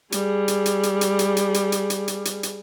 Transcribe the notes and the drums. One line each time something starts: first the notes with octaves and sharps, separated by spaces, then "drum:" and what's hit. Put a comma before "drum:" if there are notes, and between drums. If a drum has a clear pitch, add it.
G3 G#4, drum: hi-hat
drum: hi-hat
drum: hi-hat
drum: hi-hat
drum: hi-hat
drum: hi-hat
drum: hi-hat
drum: hi-hat
drum: hi-hat
drum: hi-hat
drum: hi-hat
drum: hi-hat
drum: hi-hat